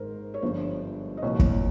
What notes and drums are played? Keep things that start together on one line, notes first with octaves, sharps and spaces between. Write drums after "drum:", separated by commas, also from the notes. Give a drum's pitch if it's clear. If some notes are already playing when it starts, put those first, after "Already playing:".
Already playing: G#1 G#2 D#3 A#4 C5
C#5
G1 G2 F3 C5
D#5
C2 A#2 F3 C#5
drum: kick